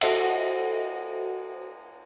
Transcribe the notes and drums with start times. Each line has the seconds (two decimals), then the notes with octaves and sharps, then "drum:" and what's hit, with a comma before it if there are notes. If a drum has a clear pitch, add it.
0.01 F#4 A4 C5 D#5 E5 F#5, drum: cymbal